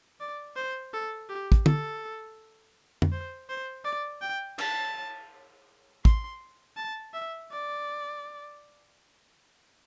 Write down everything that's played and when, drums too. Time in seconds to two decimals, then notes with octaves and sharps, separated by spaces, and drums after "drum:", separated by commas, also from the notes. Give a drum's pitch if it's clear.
0.20 D5
0.56 C5
0.94 A4
1.29 G4
1.52 drum: kick
1.66 A4, drum: tom
3.02 drum: tom F2
3.12 C5
3.49 C5
3.85 D5
4.22 G5
4.58 A5, drum: cymbal
6.05 C6, drum: kick
6.77 A5
7.14 E5
7.51 D5